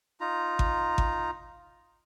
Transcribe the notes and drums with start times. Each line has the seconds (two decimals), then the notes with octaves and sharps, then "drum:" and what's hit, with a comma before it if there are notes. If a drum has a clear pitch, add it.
0.20 D#4 F4 A#5
0.59 drum: kick G#1
0.98 drum: kick G#1